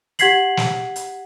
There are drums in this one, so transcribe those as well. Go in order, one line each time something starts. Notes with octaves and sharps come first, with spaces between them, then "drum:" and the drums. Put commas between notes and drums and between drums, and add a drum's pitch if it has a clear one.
G4 F#5 G#6 B6 C7 F#7, drum: hi-hat
drum: snare
drum: hi-hat